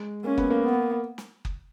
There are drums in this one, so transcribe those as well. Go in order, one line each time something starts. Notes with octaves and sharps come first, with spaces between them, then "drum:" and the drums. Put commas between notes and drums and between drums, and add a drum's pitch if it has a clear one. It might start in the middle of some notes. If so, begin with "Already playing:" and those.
Already playing: G#3
A#3 C#4
B3, drum: kick F#1
A#3
B3
drum: snare
drum: kick F#1